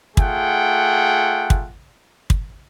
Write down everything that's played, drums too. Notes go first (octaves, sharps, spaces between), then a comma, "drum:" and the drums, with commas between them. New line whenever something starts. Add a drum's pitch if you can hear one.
A3 F4 G#4 F#5 G5, drum: kick
drum: kick
drum: kick